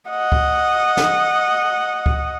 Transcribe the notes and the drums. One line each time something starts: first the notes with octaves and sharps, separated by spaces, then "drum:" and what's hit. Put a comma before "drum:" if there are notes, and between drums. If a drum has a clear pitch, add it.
D#5 F#5
drum: kick C#2
drum: snare
drum: kick C#2